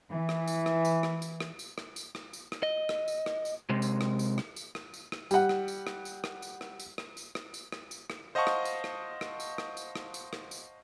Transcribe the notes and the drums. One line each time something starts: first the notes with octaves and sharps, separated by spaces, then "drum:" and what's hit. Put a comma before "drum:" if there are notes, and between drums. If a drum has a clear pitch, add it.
E3
drum: rim click
drum: tambourine
drum: rim click
drum: tambourine
drum: rim click
drum: tambourine
drum: rim click
drum: tambourine
drum: rim click
drum: tambourine
drum: rim click
drum: tambourine
drum: rim click
D#5
drum: rim click
drum: tambourine
drum: rim click
drum: tambourine
C3 G#3
drum: tambourine
drum: rim click
drum: tambourine
drum: rim click
drum: tambourine
drum: rim click
drum: tambourine
drum: rim click
G3 F#5, drum: tambourine
drum: rim click
drum: tambourine
drum: rim click
drum: tambourine
drum: rim click
drum: tambourine
drum: rim click
drum: tambourine
drum: rim click
drum: tambourine
drum: rim click
drum: tambourine
drum: rim click
drum: tambourine
drum: rim click
C5 D#5 F5 F#5 A5 C#6
drum: rim click
drum: tambourine
drum: rim click
drum: rim click
drum: tambourine
drum: rim click
drum: tambourine
drum: rim click
drum: tambourine
drum: rim click
drum: tambourine